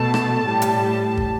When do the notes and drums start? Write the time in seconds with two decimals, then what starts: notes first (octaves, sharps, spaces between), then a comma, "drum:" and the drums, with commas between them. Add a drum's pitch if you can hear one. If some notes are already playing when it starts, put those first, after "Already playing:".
Already playing: B2 A3 A5
0.14 drum: rim click
0.45 A2 G3
0.62 drum: hi-hat
1.17 drum: kick